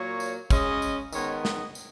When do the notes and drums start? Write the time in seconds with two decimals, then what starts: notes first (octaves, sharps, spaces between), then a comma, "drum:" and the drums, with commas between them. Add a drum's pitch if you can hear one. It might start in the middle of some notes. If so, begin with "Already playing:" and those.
Already playing: A#2 F#3 A#3 C#5
0.20 drum: tambourine
0.50 C#3 G#3 C#4 D#5, drum: kick, tambourine
0.82 drum: tambourine
1.13 D#3 G#3 B3 C#5, drum: tambourine
1.45 D#5, drum: snare
1.75 drum: tambourine